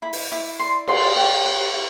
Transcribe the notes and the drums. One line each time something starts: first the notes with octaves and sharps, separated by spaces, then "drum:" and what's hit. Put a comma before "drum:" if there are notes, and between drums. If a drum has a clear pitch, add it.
E4 B5
drum: open hi-hat
E4 D6
D5 C6
D5 C6, drum: cymbal
G4
B4
E4